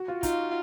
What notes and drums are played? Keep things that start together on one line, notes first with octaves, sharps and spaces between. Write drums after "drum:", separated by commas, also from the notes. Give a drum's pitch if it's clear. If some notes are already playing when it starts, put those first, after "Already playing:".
Already playing: F#4
F4
D#4 F4, drum: kick, hi-hat